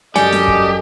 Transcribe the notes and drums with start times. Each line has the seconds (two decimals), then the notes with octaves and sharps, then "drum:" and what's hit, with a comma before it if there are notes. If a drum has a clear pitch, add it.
0.16 F#2 G3 G4 A4 D5 D#5 G#5, drum: snare
0.32 drum: snare
0.48 drum: kick